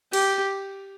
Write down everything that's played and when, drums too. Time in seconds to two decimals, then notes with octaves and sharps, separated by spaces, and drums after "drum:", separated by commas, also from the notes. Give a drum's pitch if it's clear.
0.13 G4, drum: cymbal